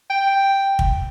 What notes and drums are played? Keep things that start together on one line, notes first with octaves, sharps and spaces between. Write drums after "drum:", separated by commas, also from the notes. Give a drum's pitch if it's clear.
G5
drum: kick